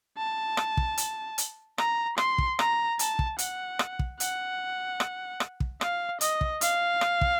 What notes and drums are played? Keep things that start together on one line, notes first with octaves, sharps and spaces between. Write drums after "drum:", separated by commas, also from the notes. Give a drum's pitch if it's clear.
A5
drum: rim click
drum: kick
drum: hi-hat
drum: hi-hat
A#5, drum: rim click
C6, drum: rim click
drum: kick
A#5, drum: rim click
A5, drum: hi-hat
drum: kick
F#5, drum: hi-hat
drum: rim click
drum: kick
F#5, drum: hi-hat
drum: rim click
drum: rim click
drum: kick
F5, drum: rim click
D#5, drum: hi-hat
drum: kick
F5, drum: hi-hat
drum: rim click
drum: kick